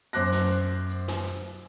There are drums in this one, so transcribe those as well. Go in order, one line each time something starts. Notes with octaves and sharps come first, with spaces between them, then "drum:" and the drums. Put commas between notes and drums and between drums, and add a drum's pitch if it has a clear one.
F#2 C5 D6 F#6 A#6, drum: hi-hat
drum: snare
drum: hi-hat
drum: hi-hat
drum: snare
drum: hi-hat